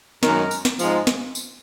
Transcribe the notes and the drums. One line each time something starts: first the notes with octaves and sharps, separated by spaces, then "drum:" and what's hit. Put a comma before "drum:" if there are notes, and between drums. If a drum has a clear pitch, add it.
F#2 D#3 G#3 A#4, drum: snare
drum: tambourine
drum: snare
G#2 F3 G#3, drum: tambourine
drum: snare
drum: tambourine